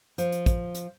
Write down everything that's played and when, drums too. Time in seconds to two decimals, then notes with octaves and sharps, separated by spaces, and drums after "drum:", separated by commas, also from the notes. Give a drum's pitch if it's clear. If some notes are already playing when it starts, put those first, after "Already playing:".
0.18 F3, drum: hi-hat
0.32 drum: hi-hat
0.46 drum: kick, hi-hat
0.74 drum: hi-hat